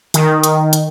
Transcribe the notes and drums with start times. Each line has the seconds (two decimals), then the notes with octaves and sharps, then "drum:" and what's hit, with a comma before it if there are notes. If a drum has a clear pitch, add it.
0.14 D#3, drum: hi-hat
0.44 drum: hi-hat
0.73 drum: hi-hat